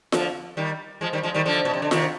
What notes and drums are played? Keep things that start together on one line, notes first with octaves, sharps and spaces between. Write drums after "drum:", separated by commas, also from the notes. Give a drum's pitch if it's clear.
D3 F3, drum: snare F4
D#3 G3
F3 G#3
D#3 G3
F3 G#3
D#3 G3
D3 F3
B2
C3
D3
C3 D#3, drum: snare F4